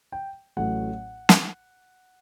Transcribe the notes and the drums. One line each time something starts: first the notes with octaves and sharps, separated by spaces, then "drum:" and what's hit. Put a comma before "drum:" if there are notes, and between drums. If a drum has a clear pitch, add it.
G5
A1 A2 F#3 A3 F#5
drum: snare